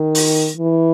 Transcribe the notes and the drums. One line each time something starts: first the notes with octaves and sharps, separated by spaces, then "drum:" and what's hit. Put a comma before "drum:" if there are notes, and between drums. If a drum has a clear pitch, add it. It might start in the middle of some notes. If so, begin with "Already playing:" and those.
Already playing: D#3
drum: open hi-hat
E3